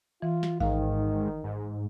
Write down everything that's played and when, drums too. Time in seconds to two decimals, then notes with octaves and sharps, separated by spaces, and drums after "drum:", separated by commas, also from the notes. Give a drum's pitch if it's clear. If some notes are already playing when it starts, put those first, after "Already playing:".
0.22 E3 F4
0.43 drum: snare
0.60 G#2 D#3 F5, drum: kick A1
1.44 G#2